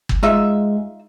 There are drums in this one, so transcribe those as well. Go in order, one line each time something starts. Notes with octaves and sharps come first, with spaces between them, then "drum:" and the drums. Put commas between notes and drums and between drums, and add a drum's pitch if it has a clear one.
drum: kick
G#3 D#4 F4 E5